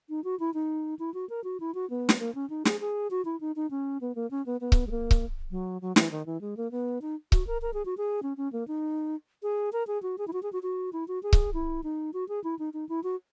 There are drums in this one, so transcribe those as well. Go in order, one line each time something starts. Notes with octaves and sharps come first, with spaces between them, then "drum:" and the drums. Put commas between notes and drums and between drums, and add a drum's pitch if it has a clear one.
D#4
F#4
E4
D#4
E4
F#4
A#4
F#4
E4
F#4
B3
drum: snare
A#3
C#4
D#4
G#4, drum: snare
G#4
F#4
E4
D#4
D#4
C#4
B3
A#3
C#4
B3
B3
drum: kick C#1
G#3
A#3
drum: kick C#1
F#3
F#3
E3, drum: snare
D#3
E3
G#3
A#3
B3
D#4
F#4, drum: kick C#1
A#4
A#4
G#4
F#4
G#4
C#4
C#4
A#3
D#4
G#4
A#4
G#4
F#4
G#4
E4
F#4
G#4
F#4
F#4
E4
F#4
G#4
drum: kick C#1
E4
D#4
F#4
G#4
E4
D#4
D#4
E4
F#4